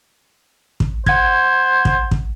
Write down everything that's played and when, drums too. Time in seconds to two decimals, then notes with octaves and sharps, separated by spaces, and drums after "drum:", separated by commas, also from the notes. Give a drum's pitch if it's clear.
0.80 drum: kick
1.06 C5 F#5 G#6, drum: kick
1.85 drum: kick
2.11 drum: kick